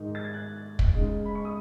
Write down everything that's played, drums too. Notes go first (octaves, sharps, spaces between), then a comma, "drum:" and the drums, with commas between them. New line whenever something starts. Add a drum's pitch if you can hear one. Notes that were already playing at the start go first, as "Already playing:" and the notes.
Already playing: G#2 D#3 G#3 D#4
A6
G#6
F#6
drum: kick
C#3 G#3 D#4
B5
C#6
D#6